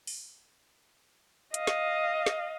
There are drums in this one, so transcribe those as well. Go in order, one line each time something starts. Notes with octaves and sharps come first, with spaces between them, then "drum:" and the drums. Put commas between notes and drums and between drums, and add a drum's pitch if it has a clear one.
drum: open hi-hat
D#5 F5, drum: hi-hat
drum: snare
drum: snare